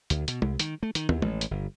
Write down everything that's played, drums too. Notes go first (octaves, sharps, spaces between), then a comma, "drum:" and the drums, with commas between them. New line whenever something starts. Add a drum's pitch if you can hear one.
D2, drum: hi-hat
B2, drum: hi-hat
C2, drum: tom
D#3, drum: hi-hat
A3
D#3, drum: hi-hat
D#2, drum: tom
A1, drum: tom
drum: hi-hat
G1